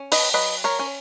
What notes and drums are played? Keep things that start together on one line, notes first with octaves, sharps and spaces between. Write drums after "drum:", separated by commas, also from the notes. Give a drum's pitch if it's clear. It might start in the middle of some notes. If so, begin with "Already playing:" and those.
Already playing: C#4
B4 D#5, drum: open hi-hat
F#3 B4 D#5
A#4 C#5
C#4